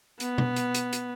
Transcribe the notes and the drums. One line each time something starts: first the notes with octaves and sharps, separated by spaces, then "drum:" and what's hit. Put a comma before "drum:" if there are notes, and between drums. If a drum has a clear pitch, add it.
B3, drum: hi-hat
drum: tom B2
drum: hi-hat
drum: hi-hat
drum: hi-hat